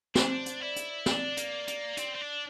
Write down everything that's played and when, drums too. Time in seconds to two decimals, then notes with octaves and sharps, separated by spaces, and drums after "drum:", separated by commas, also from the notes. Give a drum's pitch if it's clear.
0.15 D4 C5, drum: snare
0.46 drum: hi-hat
0.61 E4 D5
0.76 drum: hi-hat
1.06 D4 D5, drum: snare
1.37 A#3, drum: hi-hat
1.68 A#3, drum: hi-hat
1.97 C4, drum: hi-hat
2.15 C4
2.21 D4